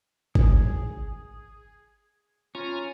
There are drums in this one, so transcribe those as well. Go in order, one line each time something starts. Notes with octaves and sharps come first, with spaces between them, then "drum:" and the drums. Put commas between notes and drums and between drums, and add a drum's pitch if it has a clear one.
G#4, drum: kick G1
C#4 F4 G#5 A#5